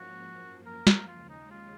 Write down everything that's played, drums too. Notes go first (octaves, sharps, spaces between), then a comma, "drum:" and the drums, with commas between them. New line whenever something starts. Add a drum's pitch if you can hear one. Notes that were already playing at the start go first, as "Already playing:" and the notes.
Already playing: G#2 F3 A#3 C#4 F#4
F#2 F3 A#3
A#4
drum: snare
D#2 C#3 G#3 F4
D#4
F4